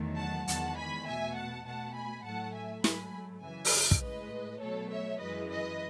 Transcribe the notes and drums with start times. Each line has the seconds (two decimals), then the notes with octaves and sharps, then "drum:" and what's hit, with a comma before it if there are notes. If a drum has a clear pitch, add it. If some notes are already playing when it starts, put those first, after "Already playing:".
Already playing: E2 D#3 F#3 A3
0.18 F#5 A5
0.48 E2 D#3 G#3 F#5 A5, drum: hi-hat
0.77 G#5 B5
1.07 B2 A3 E5 G#5
1.36 F#5 A5
1.66 B2 A3 F#5 A5
1.95 G#5 B5
2.25 A2 F#3 A3 F#5 A5
2.54 E5 G#5
2.84 G#2 F#3 A3 G#5 B5, drum: snare
3.43 F#2 C#3 E3 E5 G#5
3.65 drum: open hi-hat
3.91 drum: kick
4.02 A2 G#3 B4 D#5
4.61 B2 F#3 A3 A4 C#5
4.91 C#5 E5
5.20 F#2 E3 G#3 B4 D#5
5.50 B4 D#5